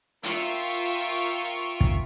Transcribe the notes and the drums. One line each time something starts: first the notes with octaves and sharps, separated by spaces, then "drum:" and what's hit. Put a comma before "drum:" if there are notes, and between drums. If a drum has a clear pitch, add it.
F4 A#4 E5 F5 G5 C#6, drum: hi-hat
drum: kick